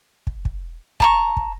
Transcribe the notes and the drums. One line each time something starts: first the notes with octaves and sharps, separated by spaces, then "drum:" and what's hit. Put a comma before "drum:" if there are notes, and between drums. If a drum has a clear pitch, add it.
drum: kick
drum: kick
A5 A#5 C#6, drum: kick
drum: kick